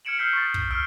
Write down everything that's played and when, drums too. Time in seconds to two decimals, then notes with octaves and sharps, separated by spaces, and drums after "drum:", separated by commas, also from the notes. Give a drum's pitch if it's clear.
0.05 F6 G#6 C#7 D7 E7 F#7
0.18 E6 F6 G6 B6 C7 D7
0.33 C#6 D#6 A6
0.54 drum: kick
0.71 E6 F6 G6 C7 D7